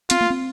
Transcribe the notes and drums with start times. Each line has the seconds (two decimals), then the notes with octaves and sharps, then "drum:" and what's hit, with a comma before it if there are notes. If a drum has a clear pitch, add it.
0.10 C4 F4, drum: hi-hat
0.21 A#3
0.30 C4